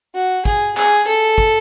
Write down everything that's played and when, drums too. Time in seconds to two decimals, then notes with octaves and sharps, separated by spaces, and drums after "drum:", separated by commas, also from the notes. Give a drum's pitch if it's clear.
0.15 F#4
0.45 G#4, drum: kick
0.77 G#4, drum: clap
1.07 A4
1.38 drum: kick